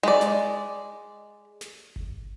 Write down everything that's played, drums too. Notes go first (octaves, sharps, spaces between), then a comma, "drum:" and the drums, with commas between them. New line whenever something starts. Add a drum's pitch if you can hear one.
G#3 D5
drum: snare
drum: snare
drum: kick G1